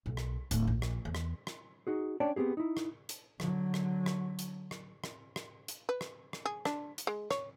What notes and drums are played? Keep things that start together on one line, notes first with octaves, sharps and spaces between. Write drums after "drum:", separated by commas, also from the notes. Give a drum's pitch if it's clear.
B1
drum: rim click
D1, drum: hi-hat
A#1
drum: rim click
E2
drum: rim click
drum: rim click
D#4 F#4 G#4
C#4 D4 C#5 D5 G5 A5
B3 C4 G4 G#4
D#4 E4
drum: rim click
drum: hi-hat
D3 F#3, drum: rim click
drum: rim click
drum: rim click
drum: hi-hat
drum: rim click
drum: rim click
drum: rim click
drum: hi-hat
B4
drum: rim click
drum: rim click
G#4
D4, drum: rim click
drum: hi-hat
G#3
C#5, drum: rim click